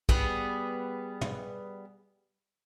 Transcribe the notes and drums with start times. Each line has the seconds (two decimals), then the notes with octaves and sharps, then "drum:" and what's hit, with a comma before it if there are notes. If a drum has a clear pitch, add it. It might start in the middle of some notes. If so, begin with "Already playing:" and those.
0.09 G3 B3 G#4, drum: kick
1.21 drum: tom